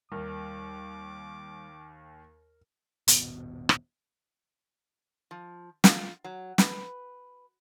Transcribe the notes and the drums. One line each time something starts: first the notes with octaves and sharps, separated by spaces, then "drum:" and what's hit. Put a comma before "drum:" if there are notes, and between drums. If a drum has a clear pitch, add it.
D#2 G3 A#4 D6
D#1 G#1 B2 B3, drum: hi-hat
drum: rim click
F3
F4, drum: snare
F#3
B4, drum: snare